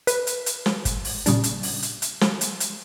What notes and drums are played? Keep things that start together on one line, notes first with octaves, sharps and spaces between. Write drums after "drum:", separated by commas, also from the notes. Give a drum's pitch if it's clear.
B4, drum: hi-hat
drum: hi-hat
drum: hi-hat
drum: snare
drum: kick, hi-hat
drum: open hi-hat
A#2 C#3 G3 D4, drum: hi-hat
drum: hi-hat
drum: open hi-hat
drum: hi-hat
drum: hi-hat
drum: snare
drum: hi-hat
drum: hi-hat